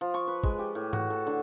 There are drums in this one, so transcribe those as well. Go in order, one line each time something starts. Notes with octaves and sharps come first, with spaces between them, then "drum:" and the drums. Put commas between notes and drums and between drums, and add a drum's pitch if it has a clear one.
F3
C#6
B4
G#3, drum: kick
G4
A2
F#4, drum: tom G#2
A4
D3